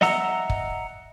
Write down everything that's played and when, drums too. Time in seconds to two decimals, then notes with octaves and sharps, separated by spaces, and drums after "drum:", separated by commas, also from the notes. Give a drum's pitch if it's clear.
0.01 D#5 E5 F#5 A#5 E6, drum: snare
0.50 drum: kick